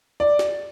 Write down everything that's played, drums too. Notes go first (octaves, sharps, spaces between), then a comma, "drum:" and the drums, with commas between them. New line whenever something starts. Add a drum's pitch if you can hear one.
D5
drum: snare